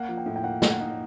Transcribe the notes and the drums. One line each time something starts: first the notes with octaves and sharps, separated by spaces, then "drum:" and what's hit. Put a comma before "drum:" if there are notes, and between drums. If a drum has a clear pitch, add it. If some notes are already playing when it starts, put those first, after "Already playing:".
Already playing: A#3 F#5
F3
G5
A2
G5
A#3 F#5
A#3, drum: snare
F#5
D#4